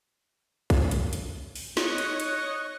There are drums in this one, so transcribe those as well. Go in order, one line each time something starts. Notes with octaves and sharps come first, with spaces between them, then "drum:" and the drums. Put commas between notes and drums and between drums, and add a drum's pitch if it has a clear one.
drum: kick, hi-hat
drum: hi-hat
drum: hi-hat
drum: open hi-hat
D#4 C#5 D#5 F#6, drum: snare
drum: hi-hat
drum: hi-hat